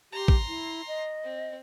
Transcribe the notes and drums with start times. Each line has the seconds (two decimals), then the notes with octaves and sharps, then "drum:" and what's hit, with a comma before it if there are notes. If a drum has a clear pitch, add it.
0.12 G4 A#5 C6
0.28 drum: kick
0.48 E4
0.87 D#5
1.23 C4